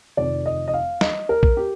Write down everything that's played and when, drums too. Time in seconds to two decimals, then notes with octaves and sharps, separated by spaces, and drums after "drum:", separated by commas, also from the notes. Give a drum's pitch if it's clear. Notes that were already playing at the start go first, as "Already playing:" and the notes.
0.17 F1 F2 D#3 D5
0.46 D#5
0.68 D#5
0.74 F5
1.01 D#5, drum: snare
1.29 A#4
1.43 drum: kick A#1
1.57 G4